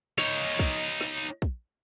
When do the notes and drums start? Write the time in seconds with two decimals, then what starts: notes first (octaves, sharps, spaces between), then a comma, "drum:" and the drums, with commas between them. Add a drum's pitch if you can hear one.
0.18 D#4 C#5, drum: snare
0.59 drum: kick
1.01 drum: snare
1.42 drum: kick